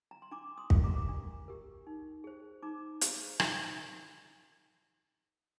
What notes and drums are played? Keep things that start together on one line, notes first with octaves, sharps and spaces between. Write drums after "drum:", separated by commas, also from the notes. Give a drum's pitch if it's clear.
A#5
C6
D4 A#5 D6
C6 D#6
G4 A#4, drum: kick
A#5 D6
D4
G4 A#4
D#4
G#4 C5
D#4 A#5 D6
G#4 C5, drum: hi-hat
D#4, drum: rim click